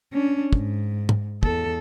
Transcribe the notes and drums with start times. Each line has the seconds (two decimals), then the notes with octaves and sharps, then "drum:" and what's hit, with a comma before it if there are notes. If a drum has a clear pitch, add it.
0.13 C#4 D4
0.53 G#2, drum: kick
1.09 drum: tom
1.43 E2 A4, drum: kick